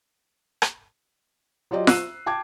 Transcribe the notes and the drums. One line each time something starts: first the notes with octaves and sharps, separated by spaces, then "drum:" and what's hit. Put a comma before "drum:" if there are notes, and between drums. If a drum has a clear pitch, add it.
drum: rim click
F#3 F4 G4 D5 D#5
E6 F#6 C7 D#7 E7, drum: snare F4
G5 A5 D6 G#6